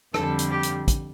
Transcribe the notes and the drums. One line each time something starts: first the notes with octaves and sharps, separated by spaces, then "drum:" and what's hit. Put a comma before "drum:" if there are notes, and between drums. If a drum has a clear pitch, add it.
F2 D3 G3 A4, drum: rim click
drum: hi-hat
G4
drum: hi-hat
drum: kick, hi-hat